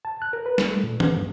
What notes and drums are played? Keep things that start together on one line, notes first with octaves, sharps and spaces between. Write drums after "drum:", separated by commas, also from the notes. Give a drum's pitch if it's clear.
A5
F#6
A#4
B4
A#3, drum: snare
A3
A#2
B3, drum: tom
G2